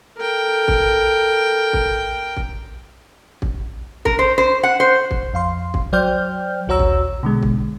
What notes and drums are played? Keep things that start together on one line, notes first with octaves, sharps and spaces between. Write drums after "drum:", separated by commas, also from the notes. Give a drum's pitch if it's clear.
A4 A#4 G5
drum: kick
drum: kick
drum: kick
drum: kick
A#4, drum: kick
C5
C5
F#5
C5
drum: kick
F2 F5 C6
drum: kick
F#3 C5 D5 G5 F6 G6
A#1 D#2 F#4 C#5 A#5 E6
drum: kick
B2 D3 G#3
drum: kick